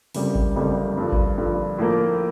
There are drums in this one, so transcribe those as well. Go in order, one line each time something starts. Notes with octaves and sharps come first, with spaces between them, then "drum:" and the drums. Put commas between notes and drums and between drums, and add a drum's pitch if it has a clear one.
F#1 F2 D3 G3, drum: open hi-hat
drum: kick G#1
F#1 F2 D3 G3
G2 D3 F3
drum: kick G#1
G2 D3 F3
A2 F3 A#3